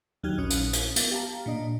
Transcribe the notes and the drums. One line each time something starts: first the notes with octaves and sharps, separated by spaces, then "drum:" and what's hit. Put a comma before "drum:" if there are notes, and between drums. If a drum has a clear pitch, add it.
D#2 F#3 D#4 G4 F6 G#6
A#1 C#4 D#6 F#6
drum: hi-hat
drum: hi-hat
B3 D6, drum: hi-hat
G4 F5 A5 A#5
A#2 D4 D#5